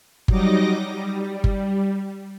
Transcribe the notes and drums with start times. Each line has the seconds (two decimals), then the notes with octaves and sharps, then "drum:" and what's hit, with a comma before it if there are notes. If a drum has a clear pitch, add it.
0.28 F#3 G3 D#4 D#5 D6 A#6, drum: kick G1
0.93 G3
1.44 drum: kick G1